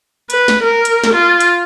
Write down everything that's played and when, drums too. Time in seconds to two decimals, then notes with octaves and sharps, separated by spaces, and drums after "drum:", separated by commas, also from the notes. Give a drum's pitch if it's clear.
0.30 B4, drum: hi-hat
0.48 drum: snare
0.64 A#4
0.85 drum: hi-hat
1.04 drum: snare
1.14 F4
1.40 drum: hi-hat